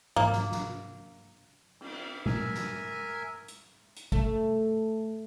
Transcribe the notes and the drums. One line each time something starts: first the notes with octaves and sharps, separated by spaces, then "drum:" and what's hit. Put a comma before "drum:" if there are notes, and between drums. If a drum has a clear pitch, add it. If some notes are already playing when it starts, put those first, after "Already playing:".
A#3, drum: tom G#2
drum: snare
drum: snare
drum: cymbal
A#4 E5 G#5, drum: tom A#2
drum: snare
drum: hi-hat
drum: hi-hat
A3, drum: kick